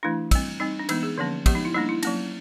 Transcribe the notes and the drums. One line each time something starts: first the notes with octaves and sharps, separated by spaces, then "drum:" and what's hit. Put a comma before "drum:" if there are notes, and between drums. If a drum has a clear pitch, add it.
E3 A3 D4 E4
G3 C4, drum: kick, cymbal
G3 C4 D#4
D4
E3 G#3 B3 D#4, drum: cymbal
G#4
D3 F3 A#3 C#4
F3 G#3 B3 G4, drum: kick, cymbal
D#4
E4
G3 A#3 D4 D#4
E4
F#3 A#3 C#4, drum: cymbal